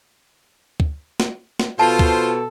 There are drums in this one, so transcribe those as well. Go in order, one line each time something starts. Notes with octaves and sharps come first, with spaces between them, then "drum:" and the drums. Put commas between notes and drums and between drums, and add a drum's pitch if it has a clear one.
drum: kick
drum: snare
drum: snare
B2 F4 A4 C5 A5
drum: kick